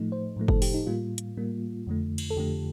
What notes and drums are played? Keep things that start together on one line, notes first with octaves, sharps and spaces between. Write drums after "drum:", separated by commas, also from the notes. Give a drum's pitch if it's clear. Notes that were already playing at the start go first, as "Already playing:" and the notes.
Already playing: A2 F3 A3 D#4
C5
A2 F3 A3
A4, drum: kick
G4, drum: open hi-hat
D#4
A2 G3 A#3 F4
drum: hi-hat
A2 G3 A#3
F2 D3 A3
drum: cymbal
A4
F2 D3 A3 G4